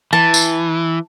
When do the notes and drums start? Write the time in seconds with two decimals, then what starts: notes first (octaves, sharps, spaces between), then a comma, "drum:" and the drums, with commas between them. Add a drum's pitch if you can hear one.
0.13 E3 A5
0.34 drum: tambourine